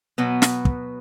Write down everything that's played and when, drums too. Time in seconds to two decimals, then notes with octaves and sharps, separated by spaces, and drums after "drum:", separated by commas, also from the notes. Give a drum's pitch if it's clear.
0.18 B2 F#3 B3
0.42 drum: snare
0.65 drum: kick